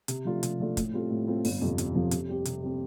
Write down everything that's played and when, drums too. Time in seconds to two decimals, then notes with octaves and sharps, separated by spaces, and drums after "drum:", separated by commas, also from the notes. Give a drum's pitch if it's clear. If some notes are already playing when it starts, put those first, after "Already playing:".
0.08 C3, drum: hi-hat
0.25 F3 A3 D4 F4
0.43 C3, drum: hi-hat
0.60 F3 A3 D4 F4
0.77 A2, drum: kick, hi-hat
0.94 G3 C4 F4 A4
1.10 A2
1.27 G3 C4 F4 A4
1.45 G1, drum: open hi-hat
1.61 F2 C3 F3
1.78 G1, drum: hi-hat
1.95 F2 C3 F3
2.11 C3, drum: hi-hat
2.29 G3 C4 G4
2.45 C3, drum: hi-hat
2.62 G3 C4 G4